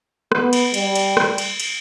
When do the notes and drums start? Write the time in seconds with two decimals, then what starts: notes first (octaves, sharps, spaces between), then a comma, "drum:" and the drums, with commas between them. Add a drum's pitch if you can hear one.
0.32 B3, drum: rim click
0.53 drum: cymbal
0.74 G3, drum: cymbal
0.95 drum: cymbal
1.17 drum: rim click
1.38 drum: cymbal
1.60 drum: cymbal